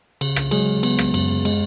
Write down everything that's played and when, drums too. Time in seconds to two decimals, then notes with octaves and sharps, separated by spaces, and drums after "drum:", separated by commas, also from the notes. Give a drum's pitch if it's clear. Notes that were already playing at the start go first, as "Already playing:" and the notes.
0.21 C#3, drum: cymbal
0.36 drum: rim click
0.51 F#3 G#3 G#4, drum: cymbal
0.83 B3, drum: cymbal
0.99 drum: rim click
1.14 F#2, drum: cymbal
1.45 G#3, drum: cymbal